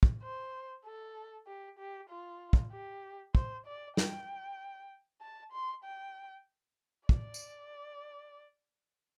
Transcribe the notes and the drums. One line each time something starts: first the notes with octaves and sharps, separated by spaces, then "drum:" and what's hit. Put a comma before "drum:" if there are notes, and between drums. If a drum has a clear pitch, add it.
drum: kick
C5
A4
G4
G4
F4
drum: kick
G4
C5, drum: kick
D5
G5, drum: snare
A5
C6
G5
D5, drum: kick
drum: tambourine